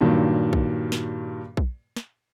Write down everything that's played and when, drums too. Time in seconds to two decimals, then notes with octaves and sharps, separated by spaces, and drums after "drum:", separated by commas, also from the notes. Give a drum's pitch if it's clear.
0.01 G2 A#2 D#3 F#3
0.53 drum: kick A#1
0.92 drum: snare
1.57 drum: kick A#1
1.96 drum: snare